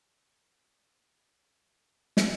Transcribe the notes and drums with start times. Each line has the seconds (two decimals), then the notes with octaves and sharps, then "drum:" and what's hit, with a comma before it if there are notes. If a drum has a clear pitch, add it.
0.50 A#4
0.58 G4
0.70 C5
0.76 A#4
0.93 A#4
1.09 A#4
1.26 C5
1.49 A#4
1.71 C5
2.17 drum: snare